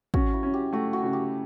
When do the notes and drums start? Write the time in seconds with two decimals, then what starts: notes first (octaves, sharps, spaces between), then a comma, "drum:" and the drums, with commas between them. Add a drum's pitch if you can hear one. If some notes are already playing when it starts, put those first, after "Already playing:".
0.14 C#4 F#4, drum: kick
0.33 E4
0.43 C#4
0.54 G4
0.73 A3 F#4
0.93 F#4
1.03 C#3
1.13 G4